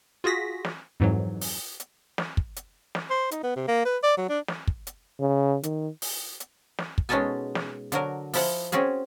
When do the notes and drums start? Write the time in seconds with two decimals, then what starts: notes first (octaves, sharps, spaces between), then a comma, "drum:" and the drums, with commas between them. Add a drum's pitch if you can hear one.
0.24 F4 F#4 G#4 A#6 B6
0.65 drum: snare
1.00 F2 G#2 E3 F#3
1.41 drum: open hi-hat
1.80 drum: hi-hat
2.18 drum: snare
2.37 drum: kick
2.56 drum: hi-hat
2.95 drum: snare
3.10 C5
3.31 D#4, drum: hi-hat
3.43 B3
3.56 C3
3.68 A#3
3.85 B4
4.03 D5
4.17 F#3
4.29 D4
4.48 drum: snare
4.67 drum: kick
4.87 drum: hi-hat
5.20 C#3
5.63 D#3, drum: hi-hat
6.02 drum: open hi-hat
6.40 drum: hi-hat
6.79 drum: snare
6.98 drum: kick
7.09 B2 G#3 C#4 D#4 A4 G#5
7.55 drum: snare
7.92 D3 F#3 A#4, drum: hi-hat
8.34 F3 E4 F#5, drum: open hi-hat
8.72 C4 C#4 F#4 G#4, drum: hi-hat